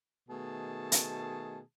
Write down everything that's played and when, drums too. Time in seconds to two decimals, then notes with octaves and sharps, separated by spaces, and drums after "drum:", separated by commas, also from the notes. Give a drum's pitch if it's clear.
0.29 B2 D#3 A3 G#4 A5
0.92 drum: hi-hat